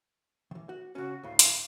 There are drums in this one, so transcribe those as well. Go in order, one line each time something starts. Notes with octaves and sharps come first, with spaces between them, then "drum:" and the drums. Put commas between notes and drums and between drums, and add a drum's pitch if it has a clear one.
D#3 E3
F#4 F#5
C#3 C#4 F#4
D2 A2 F5
drum: hi-hat